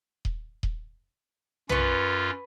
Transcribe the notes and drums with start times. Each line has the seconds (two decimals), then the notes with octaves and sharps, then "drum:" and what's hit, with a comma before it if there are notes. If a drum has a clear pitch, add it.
0.25 drum: kick D#1
0.63 drum: kick D#1
1.69 F#2 C#4 F4 B4 C#6, drum: tom B1